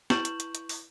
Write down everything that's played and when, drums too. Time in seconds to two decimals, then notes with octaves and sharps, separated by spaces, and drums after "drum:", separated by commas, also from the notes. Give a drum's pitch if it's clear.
0.10 E4 B4 C#6 G6 E7 F#7, drum: snare
0.25 drum: hi-hat
0.40 drum: hi-hat
0.55 drum: hi-hat
0.69 drum: open hi-hat